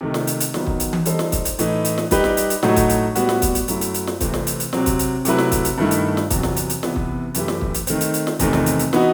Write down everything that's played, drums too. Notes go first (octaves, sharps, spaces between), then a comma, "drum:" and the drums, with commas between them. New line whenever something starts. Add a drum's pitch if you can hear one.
C3 D#3 A3
drum: snare
drum: hi-hat
drum: hi-hat
D#3 F#3 B3, drum: snare
drum: kick
drum: hi-hat
drum: tom E3
G3 D#4 A4 C5, drum: hi-hat
drum: snare
drum: kick, hi-hat
drum: hi-hat
A2 E3 A3 D#4, drum: hi-hat
drum: hi-hat
drum: snare
G3 D#4 G4 B4, drum: kick, hi-hat
drum: snare
drum: hi-hat
drum: hi-hat
A2 F#3 A3 D#4 F#4, drum: snare
drum: kick, hi-hat
drum: hi-hat
A2 G3 B3 F#4, drum: hi-hat
drum: snare
drum: kick, hi-hat
drum: hi-hat
F#2 F#3 A3 E4, drum: hi-hat
drum: hi-hat
drum: hi-hat
drum: snare
C3 E3 A3 C4, drum: kick, hi-hat
drum: snare
drum: hi-hat
drum: hi-hat
C3 F#3 C4, drum: snare
drum: kick, hi-hat
drum: hi-hat
C3 F#3 A3 E4 B4, drum: hi-hat
drum: snare
drum: kick, hi-hat
drum: hi-hat
G2 D#3 A3 E4
drum: hi-hat
drum: snare
E2 C3 F#3, drum: kick, hi-hat
drum: snare
drum: hi-hat
drum: hi-hat
C3 E3 B3, drum: snare
drum: kick
F#2 E3 A3 E4 G4, drum: hi-hat
drum: snare
drum: kick
drum: hi-hat
D#3 A3 C4, drum: hi-hat
drum: hi-hat
drum: hi-hat
drum: snare
E2 C3 D#3 A3 C4, drum: kick, hi-hat
drum: snare
drum: hi-hat
drum: hi-hat
E3 B3 D#4 F#4, drum: snare